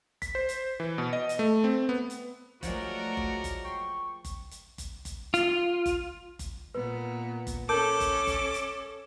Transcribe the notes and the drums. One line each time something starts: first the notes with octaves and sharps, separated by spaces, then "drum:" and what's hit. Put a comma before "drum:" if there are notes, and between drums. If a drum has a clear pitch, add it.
B6, drum: kick F#1, hi-hat
C5
drum: hi-hat
E3
B2
D#5
drum: hi-hat
A3
C4
B3
drum: hi-hat
F3 F#3 G#3 A3 F#4 A#4 D5, drum: kick F#1, hi-hat
drum: kick F#1
drum: kick F#1, hi-hat
G5 C6 C#6
drum: kick F#1, hi-hat
drum: hi-hat
drum: kick F#1, hi-hat
drum: kick F#1, hi-hat
F4, drum: hi-hat
drum: kick F#1, hi-hat
drum: kick F#1, hi-hat
A#2 B3 B4
drum: kick F#1, hi-hat
C#4 A4 A#4 A5 D6 G6
drum: kick F#1, hi-hat
drum: kick F#1, hi-hat
drum: hi-hat